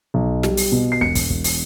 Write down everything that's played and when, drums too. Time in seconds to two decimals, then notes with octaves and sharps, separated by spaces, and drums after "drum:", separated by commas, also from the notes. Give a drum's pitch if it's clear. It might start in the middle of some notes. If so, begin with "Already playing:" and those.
0.14 B1
0.43 G3, drum: snare
0.57 drum: open hi-hat
0.72 B2
0.92 C7
1.01 E1 C#7
1.15 drum: kick, open hi-hat
1.30 E1
1.44 drum: open hi-hat